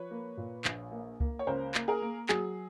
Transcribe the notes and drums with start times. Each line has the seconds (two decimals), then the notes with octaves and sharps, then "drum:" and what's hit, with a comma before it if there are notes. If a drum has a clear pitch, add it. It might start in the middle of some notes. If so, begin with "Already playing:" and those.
Already playing: F3 B4 C#5
0.11 A#3
0.37 A#2
0.65 A#1, drum: clap
0.92 A#3
1.20 A#3, drum: kick C#2
1.39 C#5
1.47 C#2 A#4 C5
1.75 A#3, drum: clap
1.88 G#4 A#4
2.02 A#3
2.29 F#3 G#4, drum: clap